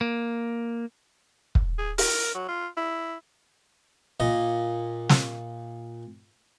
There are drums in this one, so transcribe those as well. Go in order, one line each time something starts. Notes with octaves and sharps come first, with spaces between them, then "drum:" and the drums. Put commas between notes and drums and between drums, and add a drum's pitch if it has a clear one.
A#3
drum: kick
G#4
A#4, drum: open hi-hat
F#3
F4
E4
A#2 D#5
drum: snare